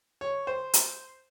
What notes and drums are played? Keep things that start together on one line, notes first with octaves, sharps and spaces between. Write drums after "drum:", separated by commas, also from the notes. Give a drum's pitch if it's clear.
C#5
C5
drum: hi-hat